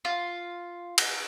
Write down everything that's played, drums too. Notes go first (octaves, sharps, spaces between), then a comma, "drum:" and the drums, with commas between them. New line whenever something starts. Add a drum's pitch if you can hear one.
F4
drum: cymbal